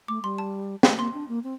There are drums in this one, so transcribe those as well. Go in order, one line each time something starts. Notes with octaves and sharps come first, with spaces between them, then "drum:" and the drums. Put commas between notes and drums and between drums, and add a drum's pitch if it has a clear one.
A3 D6
G3 C6
A5
G3, drum: snare
A3
A#3 C6
D4
A#3
C4